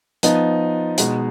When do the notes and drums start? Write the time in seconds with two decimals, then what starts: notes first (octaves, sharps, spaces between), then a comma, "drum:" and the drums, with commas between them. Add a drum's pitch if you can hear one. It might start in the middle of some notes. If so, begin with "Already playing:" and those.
0.23 F3 B3 D#4, drum: hi-hat
0.98 B2 G#3 D#4, drum: hi-hat